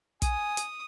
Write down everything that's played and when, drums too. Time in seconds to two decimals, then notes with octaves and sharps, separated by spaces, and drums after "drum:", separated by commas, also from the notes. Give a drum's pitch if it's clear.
0.22 G#5 D#6, drum: kick, hi-hat
0.57 drum: hi-hat